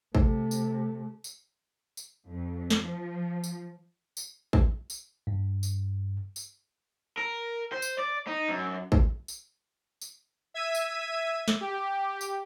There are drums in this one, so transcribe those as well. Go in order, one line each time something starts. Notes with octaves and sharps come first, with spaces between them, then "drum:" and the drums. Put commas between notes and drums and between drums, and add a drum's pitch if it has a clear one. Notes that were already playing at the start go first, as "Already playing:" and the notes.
C3 A3, drum: kick
drum: tambourine
drum: tambourine
drum: tambourine
F2
drum: snare
F3
drum: tambourine
drum: tambourine
drum: kick
drum: tambourine
G2
drum: tambourine
drum: tambourine
A#4
C5
drum: tambourine
D5
D#4
F#2
drum: kick
drum: tambourine
drum: tambourine
E5 G#6 B6 D#7
drum: tambourine
drum: snare
G4
drum: tambourine